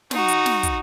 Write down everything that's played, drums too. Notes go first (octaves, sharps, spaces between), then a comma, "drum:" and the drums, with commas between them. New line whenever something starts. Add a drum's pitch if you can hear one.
D#4 F#4, drum: snare
drum: hi-hat
drum: snare
drum: kick, hi-hat